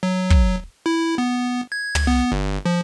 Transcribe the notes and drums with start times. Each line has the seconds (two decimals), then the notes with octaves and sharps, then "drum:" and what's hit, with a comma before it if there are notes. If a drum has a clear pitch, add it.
0.03 F#3
0.30 drum: kick
0.86 E4
1.18 B3
1.72 G#6
1.95 drum: tom
2.07 B3
2.32 G1
2.65 F3